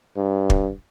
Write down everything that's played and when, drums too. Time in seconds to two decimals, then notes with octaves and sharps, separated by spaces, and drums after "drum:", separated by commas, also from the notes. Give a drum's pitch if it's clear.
0.16 G2
0.50 drum: kick